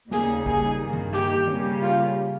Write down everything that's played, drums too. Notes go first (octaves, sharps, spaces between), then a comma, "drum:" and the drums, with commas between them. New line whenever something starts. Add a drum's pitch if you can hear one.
D#2 C#3 G3 A#3 D#4 G#4, drum: snare
G#4, drum: kick
G2 D#3 A#3
drum: tom D#3
G4, drum: snare
C#3 G3 A#3 C#4 G4, drum: tom D#3
F4